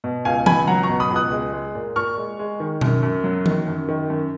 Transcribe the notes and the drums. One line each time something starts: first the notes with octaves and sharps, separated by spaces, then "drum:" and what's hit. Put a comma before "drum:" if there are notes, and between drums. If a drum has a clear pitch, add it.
B2
C#2 F5 G#5
C#2 G#5 B5, drum: tom E3
F#3 F#5 A#5
A#5 C#6
B2
B5 D#6
C#2
D#6 F#6
G#3
G#3
A#2
A#2 C#6 F6
G#3
G#3
D#3
F#2, drum: tom B2
F#2
F#3
D#3, drum: tom E3
F#2
D#3
F#2